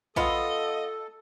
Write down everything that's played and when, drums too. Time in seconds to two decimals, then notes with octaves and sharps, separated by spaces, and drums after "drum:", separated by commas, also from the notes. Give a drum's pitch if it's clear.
0.16 B3 F4 A4 D#5, drum: kick A#1